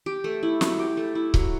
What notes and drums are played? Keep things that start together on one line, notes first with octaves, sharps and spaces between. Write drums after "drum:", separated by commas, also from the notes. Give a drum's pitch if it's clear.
G4
A3
E4
F#3, drum: snare
G4
A3
E4
F#3, drum: kick C#1